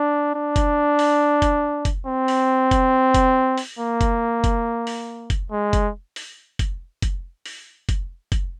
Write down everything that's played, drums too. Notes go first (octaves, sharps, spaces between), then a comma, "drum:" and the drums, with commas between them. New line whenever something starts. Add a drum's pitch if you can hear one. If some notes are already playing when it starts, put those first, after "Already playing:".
Already playing: D4
D4
drum: kick, hi-hat
drum: open hi-hat
drum: kick, hi-hat
drum: kick, hi-hat
C4
drum: open hi-hat
drum: kick, hi-hat
drum: kick, hi-hat
drum: open hi-hat
A#3
drum: kick, hi-hat
drum: kick, hi-hat
drum: open hi-hat
drum: kick, hi-hat
G#3
drum: kick, hi-hat
drum: open hi-hat
drum: kick, hi-hat
drum: kick, hi-hat
drum: open hi-hat
drum: kick, hi-hat
drum: kick, hi-hat